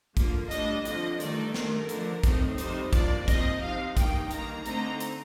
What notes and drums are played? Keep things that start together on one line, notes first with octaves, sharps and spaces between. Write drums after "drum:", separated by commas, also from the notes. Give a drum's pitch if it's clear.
D3 F3 A#3, drum: kick, hi-hat
A2 G3 D4 D#5, drum: hi-hat
F2 D3 F3 D#5, drum: hi-hat
G2 D#3 A3 D#4 D5, drum: hi-hat
G2 D#3 A3 A#4, drum: snare
D3 F3 A3 D4, drum: hi-hat
A2 A3 C4 D#4, drum: kick, hi-hat
F2 C3 G3 C4 D#4 C5, drum: hi-hat
C3 F3 A#3 D4 D5, drum: kick, hi-hat
A#2 F3 C4 D#4 D#5, drum: kick, hi-hat
C3 F3 C4 D#4 F5
G2 D#3 A#3 D#4 G5, drum: kick, hi-hat
G2 D#3 A#3 A#5, drum: hi-hat
D3 A3 C4 D#4 A#5, drum: hi-hat
drum: hi-hat